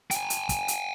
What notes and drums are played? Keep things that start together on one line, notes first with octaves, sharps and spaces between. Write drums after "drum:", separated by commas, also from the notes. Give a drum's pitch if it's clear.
G5 G#5, drum: hi-hat
drum: hi-hat
drum: kick, hi-hat
drum: hi-hat